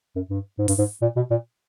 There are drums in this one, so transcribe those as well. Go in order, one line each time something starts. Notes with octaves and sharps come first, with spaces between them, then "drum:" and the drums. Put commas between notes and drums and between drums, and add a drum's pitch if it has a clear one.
F#2
G2
G#2
G2, drum: open hi-hat
G#2
A#2
B2
A#2